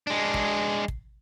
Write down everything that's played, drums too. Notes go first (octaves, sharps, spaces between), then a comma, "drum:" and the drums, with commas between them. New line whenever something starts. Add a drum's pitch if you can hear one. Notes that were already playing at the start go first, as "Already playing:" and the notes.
G#3 D4
drum: kick
drum: kick